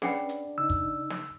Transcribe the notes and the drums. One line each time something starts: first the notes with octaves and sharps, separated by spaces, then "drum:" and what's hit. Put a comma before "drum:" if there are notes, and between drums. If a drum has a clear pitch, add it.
C#4 D4 G#4 B4 F#5 G5, drum: snare
drum: hi-hat
C#3 D#4 E6
drum: kick
drum: snare